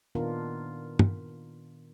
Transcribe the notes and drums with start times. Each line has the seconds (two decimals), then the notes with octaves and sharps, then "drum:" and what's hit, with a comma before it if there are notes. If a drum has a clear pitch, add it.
0.15 A#2 D#3 B3 D4 F4 A#4
0.99 drum: tom